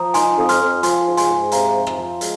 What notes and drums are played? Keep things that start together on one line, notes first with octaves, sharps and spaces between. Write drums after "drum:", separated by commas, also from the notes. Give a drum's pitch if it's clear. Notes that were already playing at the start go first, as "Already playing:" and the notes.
Already playing: F3 A#5 D#6
D#4 G#5 C6, drum: hi-hat
F2 D#6
C6 F6, drum: hi-hat
F2
F3 G#5 C6, drum: hi-hat
G#2
G#5 C6, drum: hi-hat
G#2
C3 F5 A#5, drum: hi-hat
F3
drum: rim click
F3
G#3, drum: hi-hat